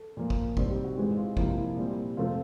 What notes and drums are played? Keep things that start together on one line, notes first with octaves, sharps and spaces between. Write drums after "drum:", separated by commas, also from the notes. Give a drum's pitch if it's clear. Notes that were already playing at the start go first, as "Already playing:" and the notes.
Already playing: A4
A#2 F3 A#3
drum: kick
C3 D#3 G3 C4, drum: kick
G4
F#4
G#2 E3 G#3 C4
F4
C3 F3 A#3 E4, drum: kick
F4
E4
A#2 G3 C4
C3 F3 A3 C4 F4